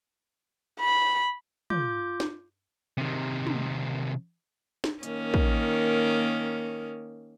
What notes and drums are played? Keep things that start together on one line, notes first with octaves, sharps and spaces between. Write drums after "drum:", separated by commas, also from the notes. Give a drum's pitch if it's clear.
B5
F4 D6 G6, drum: tom
drum: snare
C3 D#3
drum: tom
drum: snare
D#3 A#3 C#4, drum: hi-hat
drum: kick